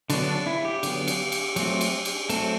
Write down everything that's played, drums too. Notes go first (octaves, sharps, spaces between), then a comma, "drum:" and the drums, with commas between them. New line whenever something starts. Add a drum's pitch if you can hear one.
D3 F#3 B3 D4, drum: cymbal
D4
E4
G4
D3 F#3 B3, drum: cymbal
drum: cymbal
drum: cymbal
F#3 A3 C4, drum: cymbal
drum: cymbal
drum: cymbal
F#3 A3 C4 A4, drum: cymbal